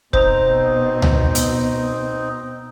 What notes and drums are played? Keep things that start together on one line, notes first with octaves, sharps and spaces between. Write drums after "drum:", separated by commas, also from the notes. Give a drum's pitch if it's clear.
B2 C4 D#4 C5 A#5, drum: kick
drum: tom C#2
drum: hi-hat